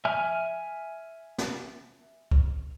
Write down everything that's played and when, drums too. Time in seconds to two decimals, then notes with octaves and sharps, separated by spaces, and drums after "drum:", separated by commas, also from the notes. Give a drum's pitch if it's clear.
0.05 E5 G#5 F6
1.38 drum: snare
2.31 drum: kick C#2